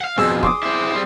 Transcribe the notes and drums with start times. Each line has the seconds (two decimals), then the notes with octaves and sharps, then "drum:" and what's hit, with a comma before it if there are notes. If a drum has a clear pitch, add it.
0.01 F5 F#5
0.18 F2 B2 G#4 E6, drum: snare C4
0.43 C6 D6 D#6, drum: kick
0.63 C4 E4
0.91 G3 C4